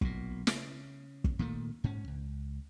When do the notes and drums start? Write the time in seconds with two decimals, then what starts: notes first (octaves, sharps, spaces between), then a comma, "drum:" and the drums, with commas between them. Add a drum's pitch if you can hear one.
0.01 B1 A#2, drum: kick
0.47 C#3, drum: snare
1.24 drum: kick
1.39 A#2 D#3 A3
1.84 G#2 C#4
2.08 C#2